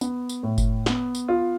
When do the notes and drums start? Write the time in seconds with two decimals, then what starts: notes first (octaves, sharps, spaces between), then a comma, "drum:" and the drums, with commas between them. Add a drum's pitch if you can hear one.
0.01 B3, drum: tambourine
0.29 drum: tambourine
0.43 A2
0.58 drum: kick F#1, tambourine
0.86 B3, drum: snare
1.15 drum: tambourine
1.28 F4